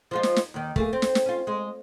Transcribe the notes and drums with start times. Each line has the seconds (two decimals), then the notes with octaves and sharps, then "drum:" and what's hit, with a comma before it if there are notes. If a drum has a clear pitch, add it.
0.11 F3 G#3 F4
0.23 drum: snare
0.36 drum: snare
0.54 D#2 D#3
0.76 A3 A#3 G#4, drum: kick
0.93 C4
1.02 drum: snare
1.15 drum: snare
1.26 C#4 F4
1.47 G#3